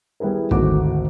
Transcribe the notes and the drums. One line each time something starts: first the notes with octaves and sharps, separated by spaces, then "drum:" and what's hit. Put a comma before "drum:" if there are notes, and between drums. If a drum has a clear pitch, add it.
G3 B3 E4 G#4 A#4
G#1 D2 A3 F#4 D6, drum: kick